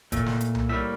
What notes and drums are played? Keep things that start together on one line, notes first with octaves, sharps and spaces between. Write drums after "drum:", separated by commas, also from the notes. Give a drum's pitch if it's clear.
A#2 A3, drum: kick, hi-hat
drum: snare
drum: hi-hat
drum: tom C2
A2 G3 A#3 E5